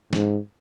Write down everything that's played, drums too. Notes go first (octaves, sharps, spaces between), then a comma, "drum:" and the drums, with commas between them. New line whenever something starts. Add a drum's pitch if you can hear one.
G#2, drum: snare